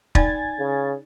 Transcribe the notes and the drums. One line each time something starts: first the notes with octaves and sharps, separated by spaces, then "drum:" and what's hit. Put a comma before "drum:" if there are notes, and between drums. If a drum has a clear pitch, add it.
D#4 D5 G5 G#5 G#6 A6, drum: kick
C#3